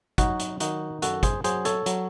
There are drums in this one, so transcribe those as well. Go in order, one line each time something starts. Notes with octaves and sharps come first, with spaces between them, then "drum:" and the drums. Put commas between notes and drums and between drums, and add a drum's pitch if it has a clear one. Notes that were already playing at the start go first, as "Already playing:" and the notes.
F#3 D#4 F#4, drum: kick, hi-hat
drum: hi-hat
D#3 D#4 F#4, drum: hi-hat
F#2 F#4 A4, drum: hi-hat
G#4 C5, drum: kick, hi-hat
F#3 G#4 C5, drum: hi-hat
A4 C#5, drum: hi-hat
F#3, drum: hi-hat